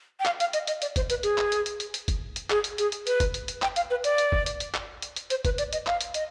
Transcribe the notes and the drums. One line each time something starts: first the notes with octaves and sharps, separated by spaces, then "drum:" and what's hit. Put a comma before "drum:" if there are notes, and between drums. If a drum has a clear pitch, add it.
G5
F5, drum: clap
F5, drum: hi-hat
D#5, drum: hi-hat
D#5, drum: hi-hat
D5, drum: hi-hat
C5, drum: kick F#1, hi-hat
B4, drum: hi-hat
G#4, drum: hi-hat
drum: clap
drum: hi-hat
drum: hi-hat
drum: hi-hat
drum: hi-hat
drum: kick F#1, hi-hat
drum: hi-hat
G#4, drum: clap
drum: hi-hat
G#4, drum: hi-hat
drum: hi-hat
B4, drum: hi-hat
drum: kick F#1, hi-hat
drum: hi-hat
drum: hi-hat
G5, drum: clap
F5, drum: hi-hat
B4
D5, drum: hi-hat
drum: hi-hat
drum: kick F#1
drum: hi-hat
drum: hi-hat
drum: clap
drum: hi-hat
drum: hi-hat
C5, drum: hi-hat
B4, drum: kick F#1, hi-hat
D5, drum: hi-hat
D#5, drum: hi-hat
F5, drum: clap
drum: hi-hat
D#5, drum: hi-hat